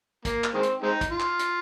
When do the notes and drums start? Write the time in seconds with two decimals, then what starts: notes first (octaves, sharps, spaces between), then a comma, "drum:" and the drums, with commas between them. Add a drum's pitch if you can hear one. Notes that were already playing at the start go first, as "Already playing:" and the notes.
0.25 A#3, drum: kick, hi-hat
0.44 drum: clap
0.54 D#3 G#3 C4
0.63 drum: hi-hat
0.82 G#3 C4 D#4
1.01 drum: kick, hi-hat
1.11 F4
1.20 drum: clap
1.39 drum: hi-hat